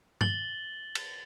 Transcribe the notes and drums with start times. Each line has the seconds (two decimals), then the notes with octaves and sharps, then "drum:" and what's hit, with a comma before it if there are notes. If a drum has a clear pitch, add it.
0.21 A6 F#7 G7, drum: tom G2
0.95 drum: cymbal